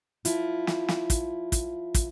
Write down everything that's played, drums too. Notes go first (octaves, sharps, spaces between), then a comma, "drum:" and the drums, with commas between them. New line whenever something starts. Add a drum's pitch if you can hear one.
F3 E4 F4, drum: hi-hat
drum: snare
drum: snare
drum: kick, hi-hat
drum: kick, hi-hat
drum: kick, hi-hat